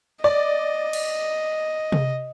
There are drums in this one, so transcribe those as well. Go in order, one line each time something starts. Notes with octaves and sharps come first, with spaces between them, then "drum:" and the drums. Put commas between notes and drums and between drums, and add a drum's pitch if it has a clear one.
D5 D#5
drum: cymbal
drum: tom C3